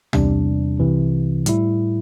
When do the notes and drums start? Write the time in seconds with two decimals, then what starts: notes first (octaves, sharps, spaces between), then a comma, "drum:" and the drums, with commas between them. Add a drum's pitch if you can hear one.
0.13 E2 C3 G3 D4, drum: tom
0.80 C2 C3 E3
1.46 A2 G3 E4, drum: hi-hat